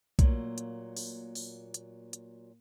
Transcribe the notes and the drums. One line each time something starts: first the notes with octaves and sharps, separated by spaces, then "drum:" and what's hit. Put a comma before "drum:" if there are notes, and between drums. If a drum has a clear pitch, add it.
A#2 F#3 A3 A#3, drum: kick, hi-hat
drum: hi-hat
drum: open hi-hat
drum: open hi-hat
drum: hi-hat
drum: hi-hat